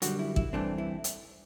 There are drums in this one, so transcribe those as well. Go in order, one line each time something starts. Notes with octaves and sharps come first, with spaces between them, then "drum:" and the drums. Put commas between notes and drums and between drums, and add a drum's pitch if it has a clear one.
F#2 D3 G3 F#4, drum: hi-hat
E4
E4, drum: kick
G2 E3 A3 C4 D4
E4
drum: hi-hat